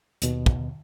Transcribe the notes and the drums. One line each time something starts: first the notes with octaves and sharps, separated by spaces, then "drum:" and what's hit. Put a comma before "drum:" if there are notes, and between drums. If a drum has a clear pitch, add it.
D#2 B2, drum: hi-hat
drum: kick